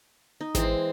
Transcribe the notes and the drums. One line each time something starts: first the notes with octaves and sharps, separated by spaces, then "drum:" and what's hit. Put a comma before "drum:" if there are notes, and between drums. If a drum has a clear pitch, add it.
D#4
E3 G#3 C4, drum: snare G#1